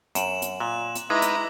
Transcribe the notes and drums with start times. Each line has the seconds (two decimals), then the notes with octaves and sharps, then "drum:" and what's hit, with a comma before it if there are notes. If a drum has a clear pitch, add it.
0.15 F#2 E7 F#7, drum: hi-hat
0.42 drum: hi-hat
0.60 A#2 F#6
0.95 drum: hi-hat
1.10 G#3 D#4 E4 B4 A#5 D6 E6
1.22 drum: hi-hat